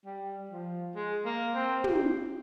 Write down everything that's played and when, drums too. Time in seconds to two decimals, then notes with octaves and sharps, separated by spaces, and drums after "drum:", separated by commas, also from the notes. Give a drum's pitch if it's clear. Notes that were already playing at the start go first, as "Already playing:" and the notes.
0.05 G3
0.51 F3
0.96 G#3
1.25 A#3
1.55 C4
1.84 drum: tom